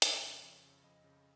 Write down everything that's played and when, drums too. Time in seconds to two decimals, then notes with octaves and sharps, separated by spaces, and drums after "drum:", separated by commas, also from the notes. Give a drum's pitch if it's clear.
0.02 F2 C5, drum: hi-hat
0.22 C#3
0.43 F2 C#5
0.64 C#3
0.84 F2 D#5
1.04 C#3